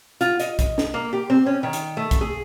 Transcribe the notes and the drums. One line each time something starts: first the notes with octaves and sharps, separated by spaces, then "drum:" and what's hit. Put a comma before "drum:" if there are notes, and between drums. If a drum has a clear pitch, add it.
F4, drum: hi-hat
D#5, drum: hi-hat
drum: kick, hi-hat
drum: snare
A#3
G4
C4
C#4
D#3
drum: hi-hat
A3
drum: kick, hi-hat
G#4